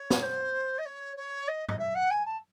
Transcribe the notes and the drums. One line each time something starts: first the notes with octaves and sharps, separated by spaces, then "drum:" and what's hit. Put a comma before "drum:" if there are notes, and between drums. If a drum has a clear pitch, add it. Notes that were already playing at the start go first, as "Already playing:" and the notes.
Already playing: C#5
drum: snare
C5
D#5
C#5
C#5
D#5
D#5, drum: tom G2
E5
F#5
G#5
A5